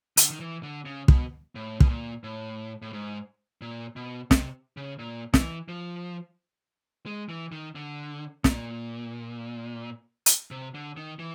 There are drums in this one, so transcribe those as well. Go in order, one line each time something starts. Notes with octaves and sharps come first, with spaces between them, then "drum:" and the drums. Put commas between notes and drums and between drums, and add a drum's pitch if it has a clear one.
D3, drum: hi-hat
D#3
E3
D3
C#3
B2, drum: kick
A2
B2, drum: kick
A#2
A2
A2
G#2
A#2
B2
C3, drum: snare
C#3
A#2
E3, drum: snare
F3
G#3
E3
D#3
D3
A#2, drum: snare
drum: hi-hat
C3
D3
D#3
E3